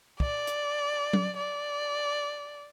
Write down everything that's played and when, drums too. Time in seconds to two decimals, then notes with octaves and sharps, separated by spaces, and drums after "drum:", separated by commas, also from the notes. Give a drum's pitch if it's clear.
0.20 D5, drum: kick
0.47 drum: hi-hat
1.13 drum: tom F#3
1.37 D5